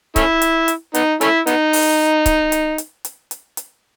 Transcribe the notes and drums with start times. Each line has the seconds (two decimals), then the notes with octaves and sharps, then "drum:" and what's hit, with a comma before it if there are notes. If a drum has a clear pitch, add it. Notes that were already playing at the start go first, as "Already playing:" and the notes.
0.16 A3 C#4 E4, drum: kick C#1, hi-hat
0.42 drum: hi-hat
0.68 drum: hi-hat
0.94 B3 D#4, drum: hi-hat
1.21 A3 C#4 E4, drum: hi-hat
1.47 B3 D#4, drum: hi-hat
1.73 drum: open hi-hat
2.26 drum: kick C#1, hi-hat
2.52 drum: hi-hat
2.78 drum: hi-hat
3.05 drum: hi-hat
3.31 drum: hi-hat
3.57 drum: hi-hat